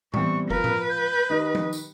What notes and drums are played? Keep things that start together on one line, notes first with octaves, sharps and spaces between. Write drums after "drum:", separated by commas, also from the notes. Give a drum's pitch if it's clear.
E3 G3 B3 C4 C#6, drum: tom A2
F3 A#4 B4, drum: kick
drum: tom A2
G6
D#3 D#4 G4 D#5
drum: tom F3
drum: tambourine